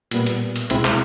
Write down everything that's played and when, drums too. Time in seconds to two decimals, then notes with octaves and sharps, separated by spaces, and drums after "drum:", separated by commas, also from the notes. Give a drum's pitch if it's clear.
0.11 A#2 G3 B3, drum: hi-hat
0.26 drum: hi-hat
0.56 drum: hi-hat
0.70 C2 B2 G#3 C4 E4, drum: hi-hat
0.85 drum: clap